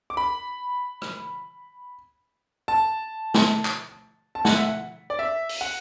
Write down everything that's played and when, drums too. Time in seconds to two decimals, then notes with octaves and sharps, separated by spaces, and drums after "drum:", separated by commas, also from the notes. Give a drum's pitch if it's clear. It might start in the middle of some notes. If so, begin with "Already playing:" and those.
0.10 D6
0.17 B5
1.02 drum: rim click
2.68 A5
3.34 drum: snare
3.65 drum: clap
4.35 A5
4.45 F#5, drum: snare
4.55 E5
4.64 F#5
5.10 D5
5.19 E5
5.49 drum: open hi-hat
5.61 F#5